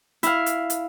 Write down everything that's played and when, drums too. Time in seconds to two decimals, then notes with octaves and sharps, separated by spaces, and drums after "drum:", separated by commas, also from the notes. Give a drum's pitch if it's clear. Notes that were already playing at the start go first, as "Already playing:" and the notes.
0.23 E4 F5, drum: hi-hat
0.46 drum: hi-hat
0.70 drum: hi-hat